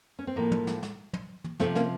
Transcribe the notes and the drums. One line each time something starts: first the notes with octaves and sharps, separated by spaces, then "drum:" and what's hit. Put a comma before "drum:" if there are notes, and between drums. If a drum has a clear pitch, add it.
C#4
C4
A2 F3 A#3
drum: tom
drum: snare
drum: snare
drum: tom
drum: tom
C3 F3 A3 C4, drum: snare
A#3 C#4, drum: snare